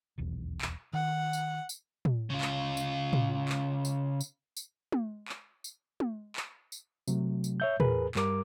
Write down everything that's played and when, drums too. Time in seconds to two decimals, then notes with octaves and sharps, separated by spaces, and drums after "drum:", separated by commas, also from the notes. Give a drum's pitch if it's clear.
0.18 D#1 B1 E2
0.61 drum: clap
0.93 D#3 F#5
1.33 drum: tambourine
1.69 drum: tambourine
2.05 drum: tom
2.30 C#3 F4
2.41 drum: clap
2.77 drum: tambourine
3.13 drum: tom
3.49 drum: clap
3.85 drum: tambourine
4.21 drum: tambourine
4.57 drum: tambourine
4.92 drum: tom
5.28 drum: clap
5.64 drum: tambourine
6.00 drum: tom
6.36 drum: clap
6.72 drum: tambourine
7.08 C3 F#3 A3, drum: tambourine
7.44 drum: tambourine
7.60 C#5 E5 G6
7.80 E2 G#4 A#4 B4, drum: tom
8.15 G2 G3 A#4 D6, drum: clap